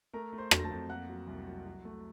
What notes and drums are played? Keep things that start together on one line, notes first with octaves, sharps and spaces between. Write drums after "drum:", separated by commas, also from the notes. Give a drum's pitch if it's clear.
A3 A#4 A#5
A3
C5 C6
F#3, drum: rim click
A#6
A5 A6
F2
A#3 F#5 F#6
F#3
C2
F#3
F#3
A3